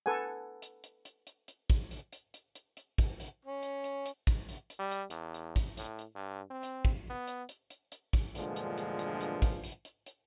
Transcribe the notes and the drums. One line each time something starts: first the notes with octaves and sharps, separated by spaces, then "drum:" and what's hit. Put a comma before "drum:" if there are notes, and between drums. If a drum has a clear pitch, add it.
A4 B4 F#5 G#5
drum: hi-hat
drum: hi-hat
drum: hi-hat
drum: hi-hat
drum: hi-hat
drum: kick, hi-hat
drum: hi-hat
drum: hi-hat
drum: hi-hat
drum: hi-hat
drum: hi-hat
drum: kick, hi-hat
drum: hi-hat
C#4
drum: hi-hat
drum: hi-hat
drum: hi-hat
drum: kick, hi-hat
drum: hi-hat
drum: hi-hat
G3
drum: hi-hat
E2, drum: hi-hat
drum: hi-hat
drum: kick, hi-hat
A2, drum: hi-hat
drum: hi-hat
G2
C4
drum: hi-hat
drum: kick
B3
drum: hi-hat
drum: hi-hat
drum: hi-hat
drum: hi-hat
drum: kick, hi-hat
E2 G2 A#2 D3 F3 G#3, drum: hi-hat
drum: hi-hat
drum: hi-hat
drum: hi-hat
drum: hi-hat
drum: kick, hi-hat
drum: hi-hat
drum: hi-hat
drum: hi-hat